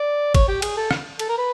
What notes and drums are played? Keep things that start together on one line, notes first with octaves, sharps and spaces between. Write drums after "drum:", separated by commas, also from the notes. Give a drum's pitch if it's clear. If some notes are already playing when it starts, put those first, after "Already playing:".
Already playing: D5
C#5, drum: kick, cymbal
G4
G#4, drum: cymbal
A4
drum: rim click
A4, drum: cymbal
A#4
B4